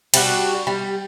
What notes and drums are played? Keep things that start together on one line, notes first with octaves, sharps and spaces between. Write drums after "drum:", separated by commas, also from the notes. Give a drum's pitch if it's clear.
G3 D4 F#4, drum: cymbal
G3